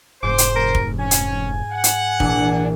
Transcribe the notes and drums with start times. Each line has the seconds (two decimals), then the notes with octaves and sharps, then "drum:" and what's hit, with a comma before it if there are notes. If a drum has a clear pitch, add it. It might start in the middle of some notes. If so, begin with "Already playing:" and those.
0.23 F1 G#2 C5 D6
0.38 drum: hi-hat
0.56 A#4
0.75 drum: kick
0.99 C#4 G#5
1.11 drum: hi-hat
1.72 F#5
1.84 drum: hi-hat
2.20 A#1 E3 D4, drum: kick